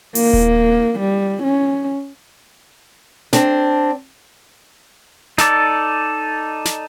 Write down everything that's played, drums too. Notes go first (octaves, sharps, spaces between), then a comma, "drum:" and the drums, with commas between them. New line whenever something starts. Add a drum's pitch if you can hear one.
A#3, drum: open hi-hat
drum: kick D#1
G3
C#4
C4 D4, drum: snare
D#4 A4 D5, drum: snare
drum: snare